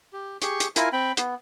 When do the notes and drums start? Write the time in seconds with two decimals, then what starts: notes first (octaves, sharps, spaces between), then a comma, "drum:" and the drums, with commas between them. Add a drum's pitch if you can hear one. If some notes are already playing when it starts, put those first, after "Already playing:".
0.13 G4
0.42 G4 G#4 C#6, drum: hi-hat
0.60 drum: hi-hat
0.76 E4 F4 A#4 G#5, drum: hi-hat
0.93 C4 G5 B5
1.17 B3, drum: hi-hat